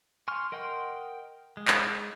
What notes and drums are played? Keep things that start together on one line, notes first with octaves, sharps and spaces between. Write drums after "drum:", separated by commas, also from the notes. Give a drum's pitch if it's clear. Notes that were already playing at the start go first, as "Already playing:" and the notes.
G#5 C6 C#6 F6
A#4 D#5 F#5 G5 C6
G#3
drum: clap